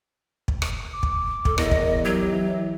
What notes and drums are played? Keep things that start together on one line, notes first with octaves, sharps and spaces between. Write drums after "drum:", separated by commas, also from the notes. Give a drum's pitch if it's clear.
drum: kick
drum: rim click
D6
drum: kick
A4, drum: kick
E2 A#4 D#5, drum: rim click
drum: kick
F#3 G4
E3